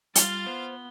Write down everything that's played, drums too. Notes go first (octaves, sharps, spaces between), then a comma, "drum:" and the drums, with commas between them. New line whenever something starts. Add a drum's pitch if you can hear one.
G3 F4 F5 F6 A6 G7, drum: hi-hat
B3 C5